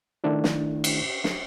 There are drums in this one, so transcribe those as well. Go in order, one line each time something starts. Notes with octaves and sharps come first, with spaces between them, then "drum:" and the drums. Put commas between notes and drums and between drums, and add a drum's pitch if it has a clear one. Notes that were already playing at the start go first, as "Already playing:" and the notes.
D#3 A3 D4 E4
drum: snare
drum: cymbal
drum: snare